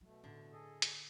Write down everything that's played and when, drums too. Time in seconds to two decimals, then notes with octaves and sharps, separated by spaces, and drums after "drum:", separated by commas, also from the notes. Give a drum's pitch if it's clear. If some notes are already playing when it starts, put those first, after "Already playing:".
0.01 B2 F#3 A3
0.24 A2 D3
0.53 G#4 A4 D#5
0.82 drum: hi-hat